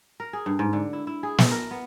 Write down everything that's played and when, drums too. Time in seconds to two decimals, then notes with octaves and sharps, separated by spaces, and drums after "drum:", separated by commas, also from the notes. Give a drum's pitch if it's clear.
0.20 A#4
0.33 G#4
0.46 G2
0.59 G#2
0.73 D3
0.93 E4
1.07 E4
1.23 G#4
1.38 A4, drum: snare
1.51 A#4
1.71 B3